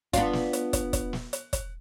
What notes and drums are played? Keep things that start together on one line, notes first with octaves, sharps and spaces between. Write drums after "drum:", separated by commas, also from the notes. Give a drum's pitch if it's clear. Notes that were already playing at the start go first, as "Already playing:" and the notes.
B3 D4 F4, drum: kick, hi-hat
drum: snare
drum: hi-hat
drum: kick, hi-hat
drum: kick, hi-hat
drum: snare
drum: hi-hat
drum: kick, hi-hat